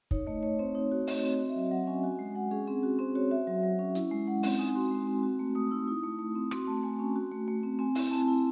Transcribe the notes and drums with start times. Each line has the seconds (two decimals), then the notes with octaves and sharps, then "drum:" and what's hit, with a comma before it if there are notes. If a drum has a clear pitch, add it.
0.11 D#4 C#5, drum: kick
0.27 A3 D#5
0.43 A3 C#5
0.59 C4 C5
0.75 D#4 C#5
0.92 F#4
1.07 A3 D#5, drum: open hi-hat
1.23 C4
1.39 F#4 D#5
1.49 E5
1.56 F#3 D#5
1.71 F#3 F#5
1.87 C#4 G#5
2.03 F#4 G#5
2.19 G#3
2.35 G#3 F#5
2.51 C#4 G#4
2.67 C4 G#4
2.83 F#4
2.99 C4 C5
3.15 F#4 C#5
3.31 F#4 E5
3.47 F#3
3.63 F#3
3.79 C#4
3.95 E4, drum: hi-hat
4.11 G#3
4.27 G#3 F#5
4.43 C4, drum: open hi-hat
4.59 D#4 G#5
4.75 F#4 C6
4.91 G#3
5.07 C4
5.23 F#4
5.39 A3
5.55 A3 D#6
5.71 D#4 E6
5.87 E4 D#6
6.03 A3
6.19 A3
6.35 C4
6.51 F#4 C6, drum: rim click
6.67 A3 A5
6.83 A3 G#5
6.99 C#4
7.16 F#4
7.31 A3
7.48 A3
7.63 C4
7.79 C4 G#5
7.95 E4, drum: open hi-hat
8.11 C4 A5
8.27 E4 A5